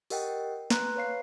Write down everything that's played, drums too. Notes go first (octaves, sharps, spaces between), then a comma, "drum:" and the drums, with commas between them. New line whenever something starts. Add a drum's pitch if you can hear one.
G4 A#4 D#5 F#5 G5, drum: open hi-hat
B4 A#5 C6 F#6, drum: snare
B4 C#5 F5 C7